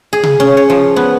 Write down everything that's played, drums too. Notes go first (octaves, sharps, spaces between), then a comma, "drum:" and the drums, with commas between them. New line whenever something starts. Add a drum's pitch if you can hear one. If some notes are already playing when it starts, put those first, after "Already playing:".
G#4
drum: tom C3
C#4
C#5
F3
B3